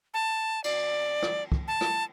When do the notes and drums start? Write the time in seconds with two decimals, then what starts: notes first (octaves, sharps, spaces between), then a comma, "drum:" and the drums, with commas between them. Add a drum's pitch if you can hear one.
0.14 A5
0.64 D5, drum: cymbal
1.22 drum: rim click
1.52 drum: kick
1.68 A5
1.81 drum: rim click